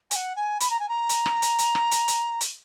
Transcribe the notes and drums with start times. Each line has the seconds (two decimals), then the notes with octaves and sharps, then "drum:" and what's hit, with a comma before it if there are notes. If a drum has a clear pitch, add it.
0.11 G#5, drum: hi-hat
0.15 F#5
0.36 G#5
0.60 B5, drum: hi-hat
0.70 A#5
0.80 G#5
0.89 A#5
1.09 drum: hi-hat
1.26 drum: rim click
1.42 drum: hi-hat
1.58 drum: hi-hat
1.75 drum: rim click
1.91 drum: hi-hat
2.08 drum: hi-hat
2.41 drum: hi-hat